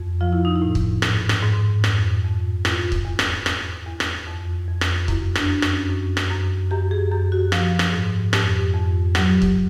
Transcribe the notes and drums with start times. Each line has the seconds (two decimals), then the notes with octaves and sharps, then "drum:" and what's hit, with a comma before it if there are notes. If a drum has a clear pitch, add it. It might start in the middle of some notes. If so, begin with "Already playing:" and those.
Already playing: F2
0.21 F3 F4
0.33 E4
0.45 D#4
0.56 E4
0.62 A2
0.75 drum: kick
1.02 G#2, drum: rim click
1.29 drum: rim click
1.43 G#2
1.84 F2, drum: rim click
2.24 F2
2.65 E2 F4, drum: rim click
2.92 drum: kick
3.05 E2
3.19 drum: rim click
3.46 E2, drum: rim click
3.87 E2
4.00 drum: rim click
4.27 F2
4.68 F2
4.81 drum: rim click
5.08 F#2 E4, drum: kick
5.35 D4, drum: rim click
5.49 F#2
5.62 C#4, drum: rim click
5.90 F#2
6.17 drum: rim click
6.30 F#2
6.71 F#2 G4
6.91 G#4
7.12 F#2 G4
7.32 F#4
7.52 F3, drum: rim click
7.79 drum: rim click
7.92 G#2
8.33 F2 G4, drum: rim click
8.74 F2
9.15 F#3 G4, drum: rim click
9.42 drum: kick